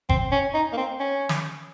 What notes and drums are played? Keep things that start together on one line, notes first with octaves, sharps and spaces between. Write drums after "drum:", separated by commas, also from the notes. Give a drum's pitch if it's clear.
C4, drum: kick G1
C#4
D#4
A#3
C4
C#4
drum: snare